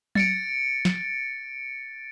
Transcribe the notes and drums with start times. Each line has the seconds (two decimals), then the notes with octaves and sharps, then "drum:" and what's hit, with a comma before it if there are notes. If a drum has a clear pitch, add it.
0.15 A6 C#7 D7, drum: tom F#3
0.85 drum: snare